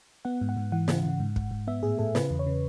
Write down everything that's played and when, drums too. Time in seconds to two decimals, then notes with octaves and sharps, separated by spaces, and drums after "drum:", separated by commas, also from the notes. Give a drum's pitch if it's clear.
0.25 B3 F#5
0.41 G#2
0.49 F#5
0.57 G#2
0.72 E3 F#5
0.88 C#3, drum: snare
1.05 C#3
1.20 G#2
1.36 G#2, drum: kick
1.51 G#2
1.67 B3 E5
1.83 A2 G#4
1.99 A2 A4
2.15 C#3 B4, drum: snare
2.30 E2
2.39 C#5
2.47 C#3